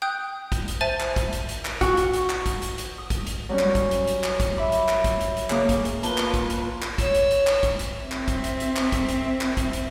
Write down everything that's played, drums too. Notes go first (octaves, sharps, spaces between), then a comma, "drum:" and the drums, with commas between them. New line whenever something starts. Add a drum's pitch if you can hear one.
G5 D#6 F#6 G6
drum: kick, hi-hat
drum: hi-hat
C5 E5 G#5 A5 A6 D#7
drum: clap
drum: kick, hi-hat
drum: hi-hat
drum: hi-hat
drum: clap
F#4, drum: kick, hi-hat
drum: hi-hat
drum: hi-hat
drum: clap
drum: kick, hi-hat
drum: hi-hat
drum: hi-hat
D#6
drum: kick, hi-hat
drum: hi-hat
F#3 G3 C#4
drum: clap
drum: kick, hi-hat
drum: hi-hat
drum: hi-hat
drum: clap
drum: kick, hi-hat
E5 B5 D6
drum: hi-hat
drum: clap
drum: kick, hi-hat
drum: hi-hat
drum: hi-hat
C#3 A#3 D6 D#6, drum: clap
drum: kick, hi-hat
drum: hi-hat
A#3 F4 B4 A5 G7, drum: hi-hat
drum: clap
drum: kick, hi-hat
drum: hi-hat
drum: clap
C#5 E6, drum: kick, hi-hat
drum: hi-hat
drum: hi-hat
drum: clap
drum: kick, hi-hat
drum: hi-hat
C4 E5
drum: clap
drum: kick, hi-hat
drum: hi-hat
drum: hi-hat
drum: clap
drum: kick, hi-hat
drum: hi-hat
drum: clap
drum: kick, hi-hat
drum: hi-hat